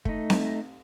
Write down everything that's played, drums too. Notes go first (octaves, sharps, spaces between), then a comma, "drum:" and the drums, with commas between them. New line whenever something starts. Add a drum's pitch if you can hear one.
A3 D#4, drum: kick
drum: snare C4